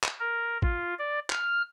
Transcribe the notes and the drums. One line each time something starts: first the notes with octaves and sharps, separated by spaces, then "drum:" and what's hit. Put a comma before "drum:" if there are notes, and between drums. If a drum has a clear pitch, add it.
drum: clap
A#4
F4, drum: kick
D5
F6, drum: clap